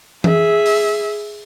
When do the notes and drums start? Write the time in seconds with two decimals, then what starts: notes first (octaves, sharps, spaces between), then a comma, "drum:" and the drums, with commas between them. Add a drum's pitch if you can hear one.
0.24 G#4 E5, drum: tom E3
0.66 drum: open hi-hat